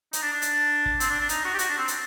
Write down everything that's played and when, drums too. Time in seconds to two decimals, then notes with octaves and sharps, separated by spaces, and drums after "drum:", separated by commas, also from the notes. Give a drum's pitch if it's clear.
0.13 D#4, drum: hi-hat
0.22 D4
0.33 D4
0.42 drum: hi-hat
0.86 drum: kick
1.00 C4, drum: hi-hat
1.10 D4
1.20 D4
1.29 D#4, drum: hi-hat
1.44 F#4
1.54 G4
1.59 F#4, drum: hi-hat
1.69 D4
1.78 C4
1.88 drum: hi-hat